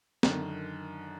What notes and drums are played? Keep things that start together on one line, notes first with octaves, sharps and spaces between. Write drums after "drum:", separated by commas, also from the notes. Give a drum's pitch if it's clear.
F#2 D3 D#3, drum: snare C4